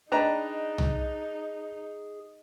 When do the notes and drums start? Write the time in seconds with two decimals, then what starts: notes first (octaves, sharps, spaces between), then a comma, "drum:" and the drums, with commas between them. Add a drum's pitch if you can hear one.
0.12 D4 D#4 G#4 B4 D5 D#5 G5 A#5
0.78 drum: tom